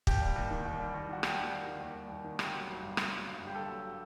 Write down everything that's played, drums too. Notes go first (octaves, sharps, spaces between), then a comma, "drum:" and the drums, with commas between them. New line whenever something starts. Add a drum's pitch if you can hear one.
D#2 G4, drum: kick
G3
D#2
D#3
D#2
G3
D#2
D#3 F#4
D#2 G4, drum: rim click
G3
D#2
D#3
D#2
G3
D#2
D#3
G1 G4, drum: rim click
F#3
G1
G2
G1, drum: rim click
F#3
G1
G2
G4
G1 A4
F#3